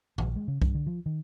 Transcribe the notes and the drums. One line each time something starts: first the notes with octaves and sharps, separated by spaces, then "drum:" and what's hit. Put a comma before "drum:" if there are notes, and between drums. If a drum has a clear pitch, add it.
A#1, drum: tom
G#3
C#3
G2, drum: kick C2
D3
F3
D#3